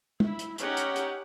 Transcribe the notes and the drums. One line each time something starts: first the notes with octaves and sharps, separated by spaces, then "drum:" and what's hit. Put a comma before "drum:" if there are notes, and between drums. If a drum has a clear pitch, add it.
E4, drum: tom
drum: hi-hat
C#4 D#4 G4 F#5, drum: hi-hat
drum: hi-hat
drum: hi-hat